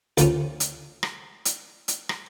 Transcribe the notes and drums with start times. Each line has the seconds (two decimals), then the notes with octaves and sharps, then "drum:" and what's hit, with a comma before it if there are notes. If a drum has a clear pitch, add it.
0.18 D2 F3 C#4, drum: hi-hat
0.60 drum: hi-hat
1.03 drum: rim click
1.45 drum: hi-hat
1.88 drum: hi-hat
2.09 drum: rim click